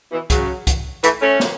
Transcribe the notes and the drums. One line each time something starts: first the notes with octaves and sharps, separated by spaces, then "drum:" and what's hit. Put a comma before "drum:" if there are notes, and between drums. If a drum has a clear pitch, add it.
B2 E3
C#3 F#3, drum: kick C2, hi-hat
drum: kick C2, hi-hat
E3 A3, drum: hi-hat
A3 C#4
drum: snare